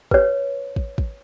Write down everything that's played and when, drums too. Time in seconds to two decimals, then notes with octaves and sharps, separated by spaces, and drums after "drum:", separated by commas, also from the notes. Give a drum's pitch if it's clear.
0.11 B4 C#5, drum: kick
0.76 drum: kick
0.98 drum: kick